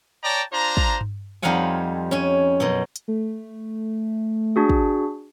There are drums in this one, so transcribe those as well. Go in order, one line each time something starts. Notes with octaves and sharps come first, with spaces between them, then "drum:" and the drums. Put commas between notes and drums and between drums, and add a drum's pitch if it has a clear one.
C#5 D5 G5 A5 A#5
D4 F4 C5 A#5
drum: kick
drum: tom G2
F2 G3 D#4 F5 F#5 G#5
C#4 G#5
F#2 B2
drum: hi-hat
A3
D4 F#4 G#4
drum: kick